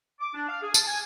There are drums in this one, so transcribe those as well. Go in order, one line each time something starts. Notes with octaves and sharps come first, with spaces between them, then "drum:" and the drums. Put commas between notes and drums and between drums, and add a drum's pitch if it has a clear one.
D6
D4
F5
G#4
A5, drum: tambourine
G#5